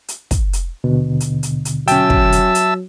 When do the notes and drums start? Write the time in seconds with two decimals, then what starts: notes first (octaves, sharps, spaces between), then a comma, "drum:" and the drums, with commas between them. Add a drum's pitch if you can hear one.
0.08 drum: hi-hat
0.31 drum: kick, hi-hat
0.53 drum: hi-hat
0.84 D#2 B2 D3
1.20 drum: hi-hat
1.43 drum: hi-hat
1.65 drum: hi-hat
1.88 F#3 C#4 E5 G5 A5 E6, drum: hi-hat
2.10 drum: kick
2.32 drum: hi-hat
2.55 drum: hi-hat